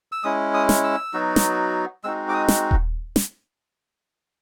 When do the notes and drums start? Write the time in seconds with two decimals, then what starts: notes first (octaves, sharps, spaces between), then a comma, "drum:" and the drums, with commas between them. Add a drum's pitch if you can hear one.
0.12 E6
0.23 G#3 C#4 E4 D#6
0.54 D#6
0.69 drum: snare
0.84 E6
1.13 F#3 B3 D#4 F#4
1.36 drum: snare
2.04 G#3 C4 D#4 F#4 E6
2.29 D6
2.33 D#6
2.48 drum: snare
2.71 drum: kick D#1
3.16 drum: snare